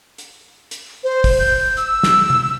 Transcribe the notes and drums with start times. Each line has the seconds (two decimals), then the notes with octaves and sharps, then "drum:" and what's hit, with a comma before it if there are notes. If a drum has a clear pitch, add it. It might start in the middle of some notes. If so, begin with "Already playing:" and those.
0.18 drum: hi-hat
0.71 drum: hi-hat
1.04 C5
1.24 drum: kick, open hi-hat
1.39 G6
1.77 E6, drum: hi-hat
2.03 drum: snare
2.30 drum: tom C3